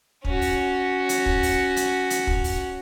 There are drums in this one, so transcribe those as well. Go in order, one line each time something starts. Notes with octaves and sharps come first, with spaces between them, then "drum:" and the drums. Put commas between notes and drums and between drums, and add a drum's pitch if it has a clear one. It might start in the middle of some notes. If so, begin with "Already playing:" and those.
C#4 F#4, drum: kick
drum: open hi-hat
drum: hi-hat
drum: kick
drum: open hi-hat
drum: hi-hat
drum: hi-hat
drum: kick
drum: open hi-hat